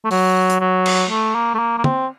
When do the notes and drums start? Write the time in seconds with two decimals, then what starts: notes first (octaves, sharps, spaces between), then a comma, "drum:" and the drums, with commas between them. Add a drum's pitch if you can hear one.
0.05 A3
0.11 F#3, drum: open hi-hat
0.50 drum: hi-hat
0.60 F#3
0.86 drum: cymbal
1.10 A3
1.35 A#3
1.54 A3
1.59 A#3
1.78 A#3
1.84 C4, drum: tom